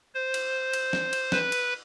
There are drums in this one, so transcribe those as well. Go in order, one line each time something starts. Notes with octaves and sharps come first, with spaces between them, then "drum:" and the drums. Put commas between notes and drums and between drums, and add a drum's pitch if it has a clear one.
C5
drum: cymbal
drum: cymbal
drum: snare
drum: cymbal
B4, drum: snare
drum: cymbal